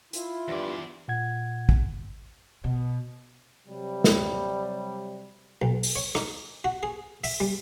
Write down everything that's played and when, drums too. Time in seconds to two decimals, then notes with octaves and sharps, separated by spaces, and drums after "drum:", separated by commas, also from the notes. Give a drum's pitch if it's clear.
0.13 E4 F4, drum: hi-hat
0.48 E2 G2 D5
1.08 A#2 F#5 G#6
1.69 drum: kick
2.64 B2
3.67 C3 F#3 G3
4.04 drum: snare
5.62 B1
5.83 drum: open hi-hat
5.96 C#5
6.15 D#4, drum: rim click
6.64 F#4
6.83 G#4
7.24 E5, drum: open hi-hat
7.40 G3